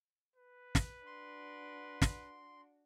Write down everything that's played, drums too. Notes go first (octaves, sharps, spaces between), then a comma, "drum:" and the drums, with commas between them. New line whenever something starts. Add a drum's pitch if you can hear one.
B4
drum: snare
D4 F#4 C6
drum: snare